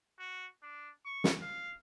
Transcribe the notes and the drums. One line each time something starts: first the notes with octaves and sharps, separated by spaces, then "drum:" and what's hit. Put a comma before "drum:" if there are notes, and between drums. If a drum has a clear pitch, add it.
F#4
D4
C#6
drum: snare
F5